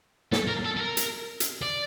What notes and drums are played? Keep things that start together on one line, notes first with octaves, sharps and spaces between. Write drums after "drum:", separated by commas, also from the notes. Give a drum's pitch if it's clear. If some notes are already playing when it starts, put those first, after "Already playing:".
A4, drum: snare
A#4
A4
A4
A#4
drum: hi-hat
drum: hi-hat
D5